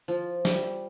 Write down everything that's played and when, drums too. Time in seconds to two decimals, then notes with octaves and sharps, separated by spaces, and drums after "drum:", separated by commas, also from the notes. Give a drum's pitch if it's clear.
0.08 F3
0.45 G3, drum: snare